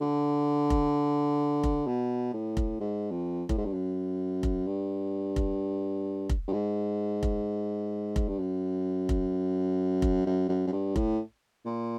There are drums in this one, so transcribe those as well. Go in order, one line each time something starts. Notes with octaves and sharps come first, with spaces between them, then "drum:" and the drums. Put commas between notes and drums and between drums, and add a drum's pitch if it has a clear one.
D3
drum: kick F1
drum: kick F1
B2
A2
drum: kick F1
G#2
F2
A2, drum: kick F1
G#2
G2
F#2
drum: kick F1
G2
drum: kick F1
drum: kick F1
G2
G#2
drum: kick F1
drum: kick F1
G2
F#2
drum: kick F1
drum: kick F1
F#2
F#2
F#2
G2
A2, drum: kick F1
A#2